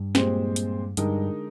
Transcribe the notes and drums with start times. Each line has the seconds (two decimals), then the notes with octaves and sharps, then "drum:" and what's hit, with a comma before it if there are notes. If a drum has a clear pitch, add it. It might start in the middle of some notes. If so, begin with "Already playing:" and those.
Already playing: G2
0.15 A#2 G#3 C4 G4 C5, drum: snare
0.56 drum: hi-hat
0.97 G2 D3 G#3 D#4 A#4, drum: hi-hat